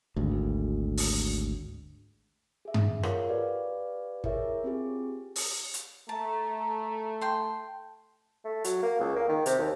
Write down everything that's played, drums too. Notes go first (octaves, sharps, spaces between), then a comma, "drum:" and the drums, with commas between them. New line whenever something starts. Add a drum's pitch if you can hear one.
G#1 D2
drum: open hi-hat
G#4 E5
drum: tom G2
F4 G#4 A#4 C#5 F5 F#5, drum: rim click
G4 B4 D5 F5
E4 G#4 A#4 C#5 E5, drum: kick
C4 F4 G4 G#4
drum: open hi-hat
drum: hi-hat
A3 A5 A#5
G5 A5 C6
A3
F#3, drum: hi-hat
A#3
C#2
A#3
D#3
C3, drum: hi-hat
D#2